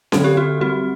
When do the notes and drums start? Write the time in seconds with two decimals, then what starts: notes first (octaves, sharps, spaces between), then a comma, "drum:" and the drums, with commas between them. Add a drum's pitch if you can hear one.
0.12 D3 F#3 C4 A4, drum: snare C#4
0.24 G4
0.37 F#4
0.61 G3 C4 F#4